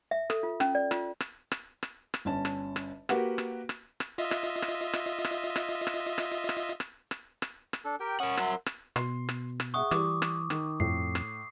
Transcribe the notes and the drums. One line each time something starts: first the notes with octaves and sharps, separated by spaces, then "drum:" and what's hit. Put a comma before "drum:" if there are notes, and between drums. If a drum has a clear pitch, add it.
E5
A4, drum: rim click
F4
C#4, drum: rim click
D5
F4, drum: rim click
drum: rim click
drum: rim click
drum: rim click
drum: rim click
G1 C#4 A5
drum: rim click
drum: rim click
A#3 F#4 G4 A#4 B4 F#5, drum: rim click
drum: rim click
drum: rim click
drum: rim click
F4 D#5 E5
drum: rim click
drum: rim click
drum: rim click
drum: rim click
drum: rim click
drum: rim click
drum: rim click
drum: rim click
drum: rim click
drum: rim click
drum: rim click
drum: rim click
D4 A4
G4 A#4 G5
C#4 A#4 F#5 C#6 D#6
F#3 E5 C6, drum: rim click
drum: rim click
B2 C6, drum: rim click
drum: rim click
drum: rim click
G#4 E5 F#5 C#6 D#6
E3 G3 D6, drum: rim click
drum: rim click
D#3, drum: rim click
F2 A2 C7
drum: rim click